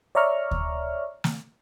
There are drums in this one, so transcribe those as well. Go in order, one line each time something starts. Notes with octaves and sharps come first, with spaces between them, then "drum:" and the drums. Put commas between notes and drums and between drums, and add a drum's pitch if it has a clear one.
C#5 D5 E5 A#5 C#6 F6
drum: kick D2
drum: snare